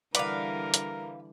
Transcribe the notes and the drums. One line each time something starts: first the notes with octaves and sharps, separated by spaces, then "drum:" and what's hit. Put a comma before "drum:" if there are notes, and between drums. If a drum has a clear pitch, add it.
D3 E3 G3 A#4 B4 D5 F5 F#5, drum: hi-hat
drum: hi-hat